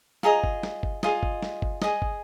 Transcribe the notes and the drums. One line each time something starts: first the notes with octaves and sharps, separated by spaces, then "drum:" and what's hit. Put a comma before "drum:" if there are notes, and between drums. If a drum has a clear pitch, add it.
F4 G#4 D#5 A#5, drum: snare
drum: kick
drum: snare
drum: kick
F4 G#4 D#5, drum: snare
drum: kick
drum: snare
drum: kick
G#4 D#5, drum: snare
drum: kick